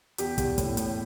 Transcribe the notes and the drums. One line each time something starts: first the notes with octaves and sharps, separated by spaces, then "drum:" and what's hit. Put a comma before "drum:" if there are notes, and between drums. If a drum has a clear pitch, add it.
E2 G4, drum: hi-hat
E2, drum: kick, hi-hat
A2, drum: kick, hi-hat
A2, drum: hi-hat